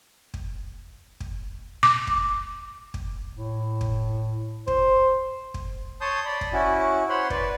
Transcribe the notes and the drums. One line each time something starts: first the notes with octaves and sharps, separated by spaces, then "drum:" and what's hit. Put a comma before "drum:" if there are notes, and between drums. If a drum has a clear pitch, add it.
drum: kick
drum: kick
D6
drum: kick
drum: kick
A2
drum: kick
C5, drum: kick
drum: kick
C#5 A5 C6 D#6 G6
D5 B5
drum: kick
C#4 E4 F#4
C5 C#5 F#5 B5 C6
B4 D5, drum: kick